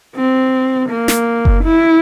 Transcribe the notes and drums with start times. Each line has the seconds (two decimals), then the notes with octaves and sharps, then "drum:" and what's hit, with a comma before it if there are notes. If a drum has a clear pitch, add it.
0.15 C4
0.89 A#3
1.08 drum: snare
1.45 drum: kick F#1
1.64 E4